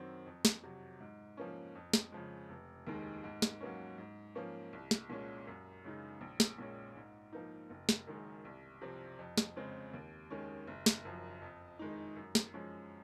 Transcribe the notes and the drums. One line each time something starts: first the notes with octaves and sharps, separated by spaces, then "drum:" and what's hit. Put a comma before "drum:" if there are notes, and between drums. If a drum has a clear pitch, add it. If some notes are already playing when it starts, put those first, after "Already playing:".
Already playing: F#2 D#3 F#3 C4
F2
drum: snare
C3 F#3
G#2
F3 A#3 C#4
F2
drum: snare
C#3 F3 G#3
F1
D#2 D#3 G#3 D#4
G#2
drum: snare
F#3 A#3 C#4
G#2
F3 A#3 C#4
C2
drum: snare
A#2 G#3 C#4
F#2
C#3 G#3 D#4
A#1
drum: snare
A#2 G#3 C#4
G#2
F3 A#3 D#4
F#1
drum: snare
F#2 D#3 G#3
C2
C3 F3 C4
F2
drum: snare
C#3 G#3 C4
D#2
D#3 G#3 C#4
F#1
drum: snare
F#2 F3
F2
D#3 G#3 D#4
F#2
drum: snare
F3 G#3 C#4